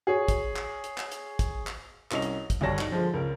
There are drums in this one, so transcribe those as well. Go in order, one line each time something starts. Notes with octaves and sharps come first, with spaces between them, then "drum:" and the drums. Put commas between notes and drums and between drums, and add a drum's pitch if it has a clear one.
G#4 C#5
drum: kick, hi-hat
drum: clap
drum: hi-hat
drum: clap
drum: hi-hat
drum: kick, hi-hat
drum: clap
C2 C#4 D#5 F7, drum: clap
drum: hi-hat
drum: kick, hi-hat
D2 G2 D4 C#5 A5 A#6
D#4, drum: clap
D3 F3 G#3
C#2 A#4